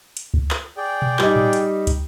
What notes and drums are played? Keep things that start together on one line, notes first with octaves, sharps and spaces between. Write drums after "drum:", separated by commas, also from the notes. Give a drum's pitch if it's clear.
drum: hi-hat
drum: kick
drum: clap
G#4 D5 G5
drum: tom B2
G3 D#4, drum: clap
drum: tom A2
drum: hi-hat
drum: kick, hi-hat